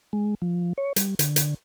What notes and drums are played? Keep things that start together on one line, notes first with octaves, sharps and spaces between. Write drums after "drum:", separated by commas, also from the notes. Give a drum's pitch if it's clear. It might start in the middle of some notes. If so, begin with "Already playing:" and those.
G#3
F3
C#5
G3, drum: hi-hat
D3, drum: hi-hat
drum: hi-hat